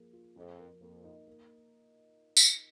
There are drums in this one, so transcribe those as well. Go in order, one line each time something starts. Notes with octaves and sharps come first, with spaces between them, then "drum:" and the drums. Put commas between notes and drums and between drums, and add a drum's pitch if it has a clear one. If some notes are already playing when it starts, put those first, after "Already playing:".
Already playing: F3 A#3 G#4
F4
F2 F3
A#4
F2 A#3
D#4
A#3
drum: tambourine